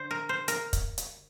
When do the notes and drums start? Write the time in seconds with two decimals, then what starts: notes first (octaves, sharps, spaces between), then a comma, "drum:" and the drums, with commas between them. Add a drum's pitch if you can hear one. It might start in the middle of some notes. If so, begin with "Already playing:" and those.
Already playing: D3 C5
0.11 A#4
0.29 C5
0.48 A#4, drum: hi-hat
0.73 drum: kick, hi-hat
0.98 drum: hi-hat